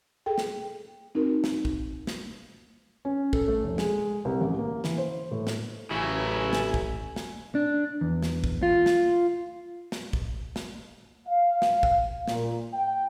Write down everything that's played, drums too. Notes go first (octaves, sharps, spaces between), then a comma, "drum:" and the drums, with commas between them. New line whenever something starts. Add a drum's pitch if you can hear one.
G#4 A4 G5
drum: snare
C4 D#4 F#4 A#4
drum: snare
drum: kick
drum: snare
C#4
A4, drum: kick
A3
F1
G#3, drum: snare
C2
A1
A#3
E3, drum: snare
C5
A2
drum: snare
A1 C#3 F#3 E4 G#5
drum: snare
drum: kick
drum: snare
D4
E2
drum: snare
drum: kick
F4
drum: snare
drum: snare
drum: kick
drum: snare
F5
drum: snare
drum: kick
A#2, drum: snare
G5